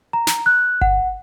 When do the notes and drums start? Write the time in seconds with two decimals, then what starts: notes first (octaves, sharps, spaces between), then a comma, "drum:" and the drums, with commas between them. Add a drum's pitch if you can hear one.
0.13 A#5
0.27 drum: snare
0.46 F#6
0.81 F#5, drum: kick G1